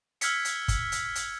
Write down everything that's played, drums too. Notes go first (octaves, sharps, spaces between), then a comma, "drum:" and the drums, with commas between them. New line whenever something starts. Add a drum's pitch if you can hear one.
E6 F6 G#6 B6 C#7, drum: hi-hat
drum: hi-hat
drum: kick, hi-hat
drum: hi-hat
drum: hi-hat